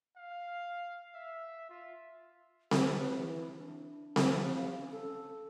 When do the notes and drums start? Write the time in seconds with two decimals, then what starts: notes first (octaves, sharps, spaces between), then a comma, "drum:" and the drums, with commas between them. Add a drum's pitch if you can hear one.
0.17 F5
1.15 E5
1.69 F4
2.71 G4, drum: snare C4
2.98 B4
3.18 E3
3.59 D4
4.16 F3, drum: snare C4
4.56 F5
4.78 C#4
4.92 A4